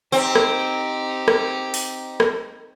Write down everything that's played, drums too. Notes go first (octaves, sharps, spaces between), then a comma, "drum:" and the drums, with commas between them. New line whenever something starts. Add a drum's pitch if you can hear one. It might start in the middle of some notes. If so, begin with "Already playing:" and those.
C4 D#4 G4
drum: rim click
drum: rim click
drum: open hi-hat
drum: rim click